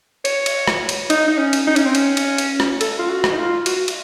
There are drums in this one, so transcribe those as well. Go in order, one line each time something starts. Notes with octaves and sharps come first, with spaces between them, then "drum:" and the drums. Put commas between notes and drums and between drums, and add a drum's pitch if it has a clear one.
C#5, drum: cymbal
drum: cymbal
drum: rim click
drum: cymbal
D#4, drum: cymbal
D#4
C#4
drum: cymbal
D#4
C#4, drum: cymbal
C4
C#4, drum: cymbal
drum: cymbal
drum: cymbal
drum: rim click
A4, drum: cymbal
F4
F#4
drum: rim click
D#4
F4
F#4, drum: cymbal
drum: cymbal